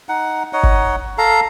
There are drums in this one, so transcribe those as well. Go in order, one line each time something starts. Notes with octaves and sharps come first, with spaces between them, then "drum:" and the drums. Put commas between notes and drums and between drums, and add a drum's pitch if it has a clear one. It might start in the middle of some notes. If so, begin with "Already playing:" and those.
D#4 F#5
D#4 C#5 D#5 F#5
drum: kick
A4 F5 A#5